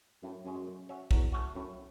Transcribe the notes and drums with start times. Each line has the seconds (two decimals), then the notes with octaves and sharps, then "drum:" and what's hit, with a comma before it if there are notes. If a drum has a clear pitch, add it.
0.23 F#2 A2
0.45 F#2 G#3 C#4 G#4
0.66 A3
0.89 C#4 F#4 C#5 E5
1.11 E2 F#3, drum: kick
1.32 A3 C#4 F#4
1.55 F#2 A2